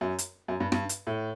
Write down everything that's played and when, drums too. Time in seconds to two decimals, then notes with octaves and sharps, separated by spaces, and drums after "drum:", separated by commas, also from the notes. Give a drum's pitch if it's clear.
0.01 F#2
0.18 drum: hi-hat
0.48 F#2
0.60 G2
0.72 G2, drum: rim click
0.89 drum: hi-hat
1.07 A2